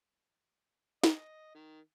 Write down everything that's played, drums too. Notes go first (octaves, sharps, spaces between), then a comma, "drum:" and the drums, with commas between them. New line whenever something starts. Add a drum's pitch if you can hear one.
D#5, drum: snare
D#3